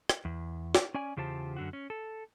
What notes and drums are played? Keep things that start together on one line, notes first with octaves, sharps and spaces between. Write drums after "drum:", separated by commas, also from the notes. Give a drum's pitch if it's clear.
drum: rim click
E2
drum: snare
C#4 D5 G#5
E2 C#3 F4 G4 C5 A5
F#2 D3 F#4
C#4
A4